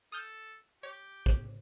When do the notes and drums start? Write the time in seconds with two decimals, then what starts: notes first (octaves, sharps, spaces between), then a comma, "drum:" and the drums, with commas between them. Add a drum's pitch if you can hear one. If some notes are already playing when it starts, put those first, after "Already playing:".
0.12 A4 D#6 F6 G6
0.83 G4 C#5
1.26 drum: kick